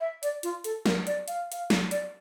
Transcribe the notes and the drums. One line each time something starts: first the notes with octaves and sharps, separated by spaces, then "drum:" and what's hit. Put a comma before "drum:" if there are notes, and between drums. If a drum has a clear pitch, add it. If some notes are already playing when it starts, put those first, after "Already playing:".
E5
D5, drum: hi-hat
F4, drum: hi-hat
A4, drum: hi-hat
A#4, drum: snare
D5, drum: hi-hat
F5, drum: hi-hat
F5, drum: hi-hat
drum: snare
D5, drum: hi-hat